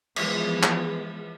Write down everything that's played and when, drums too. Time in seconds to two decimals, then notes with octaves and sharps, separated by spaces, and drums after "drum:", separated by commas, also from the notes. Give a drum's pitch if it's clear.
0.16 E3 F3 G#3 B3, drum: cymbal
0.63 drum: clap